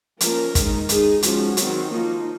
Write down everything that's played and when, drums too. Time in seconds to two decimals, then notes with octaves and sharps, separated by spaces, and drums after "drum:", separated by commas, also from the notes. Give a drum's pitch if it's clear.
0.21 F3 A#3 C#4 A#4, drum: hi-hat
0.55 D#3 G#3 D#4, drum: kick, hi-hat
0.89 G#3 D#4 G#4, drum: hi-hat
1.23 F3 G#3 C#4 F#4, drum: hi-hat
1.57 D#3 F#3 C4, drum: hi-hat
1.91 F3 A#3 D#4